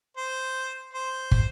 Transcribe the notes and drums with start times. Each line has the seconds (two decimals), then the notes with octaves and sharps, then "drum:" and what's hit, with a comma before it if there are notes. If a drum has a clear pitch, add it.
0.17 C5
0.94 C5
1.31 drum: kick